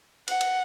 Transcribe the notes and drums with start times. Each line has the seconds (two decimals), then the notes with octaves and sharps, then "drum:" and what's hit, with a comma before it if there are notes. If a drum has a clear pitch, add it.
0.28 F#5, drum: cymbal
0.41 drum: cymbal